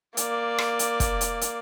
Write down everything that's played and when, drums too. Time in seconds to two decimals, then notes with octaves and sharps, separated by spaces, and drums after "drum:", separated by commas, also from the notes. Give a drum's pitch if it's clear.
0.17 A#3 D5, drum: hi-hat
0.58 drum: rim click
0.79 drum: hi-hat
1.00 drum: kick, hi-hat
1.21 drum: hi-hat
1.41 drum: hi-hat